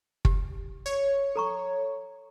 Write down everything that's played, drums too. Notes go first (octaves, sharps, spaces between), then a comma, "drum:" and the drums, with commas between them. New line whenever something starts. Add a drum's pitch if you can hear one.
G4, drum: kick
C#5
A4 A#5 C#6